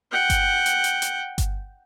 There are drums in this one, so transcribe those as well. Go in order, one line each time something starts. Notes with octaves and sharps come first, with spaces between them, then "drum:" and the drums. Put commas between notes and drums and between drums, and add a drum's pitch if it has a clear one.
F#5 G5
drum: kick G1, hi-hat
drum: hi-hat
drum: hi-hat
drum: hi-hat
drum: kick G1, hi-hat